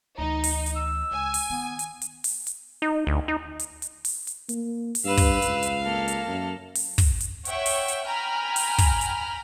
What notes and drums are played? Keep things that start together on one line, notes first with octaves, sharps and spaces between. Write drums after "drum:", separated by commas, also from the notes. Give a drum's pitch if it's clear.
D2 E3 D#4 A#5
drum: open hi-hat
drum: hi-hat
E6
C#2 G#5
drum: open hi-hat
D#3 B3
drum: hi-hat
drum: hi-hat
drum: open hi-hat
drum: hi-hat
D#4
D2
D#4
drum: hi-hat
drum: hi-hat
drum: open hi-hat
drum: hi-hat
A#3, drum: hi-hat
drum: open hi-hat
G2 B4 F5 E6
drum: kick, open hi-hat
C#2, drum: hi-hat
drum: hi-hat
A#3 A4 F6
drum: hi-hat
F#2
drum: open hi-hat
drum: kick, open hi-hat
drum: hi-hat
C#5 E5 F#5 G5 C#6, drum: hi-hat
drum: open hi-hat
drum: hi-hat
G5 G#5 A#5 B5 F6
drum: open hi-hat
drum: kick, open hi-hat
drum: hi-hat